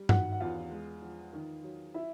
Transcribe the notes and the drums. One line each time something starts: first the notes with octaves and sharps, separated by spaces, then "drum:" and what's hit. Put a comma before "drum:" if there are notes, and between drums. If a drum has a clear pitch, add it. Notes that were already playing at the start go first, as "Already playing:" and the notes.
Already playing: G3
D#3 F#4 F#5, drum: tom G2
F#5
E2 F4 F5
G#3
F3
D#3
F#3
E4 E5